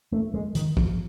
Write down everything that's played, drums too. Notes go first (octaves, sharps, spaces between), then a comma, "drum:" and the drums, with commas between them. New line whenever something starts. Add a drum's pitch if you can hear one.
A3
G#3
D#3, drum: hi-hat
F3, drum: kick